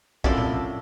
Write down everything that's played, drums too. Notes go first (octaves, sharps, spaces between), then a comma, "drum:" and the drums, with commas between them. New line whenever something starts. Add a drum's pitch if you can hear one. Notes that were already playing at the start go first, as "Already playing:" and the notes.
F#2 C3 F3 C#4 E4 A4 D5 C6, drum: kick
drum: tom A#2